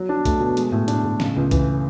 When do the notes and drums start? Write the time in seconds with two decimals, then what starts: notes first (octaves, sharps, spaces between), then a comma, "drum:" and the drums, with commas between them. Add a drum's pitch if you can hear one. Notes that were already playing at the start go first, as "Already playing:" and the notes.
Already playing: F#3
0.09 D4
0.25 A3, drum: kick C2, hi-hat
0.40 B2
0.57 G#3, drum: hi-hat
0.72 A2
0.88 D4, drum: hi-hat
1.04 A2
1.20 C#3, drum: snare
1.36 C#2
1.51 E3, drum: kick C2, hi-hat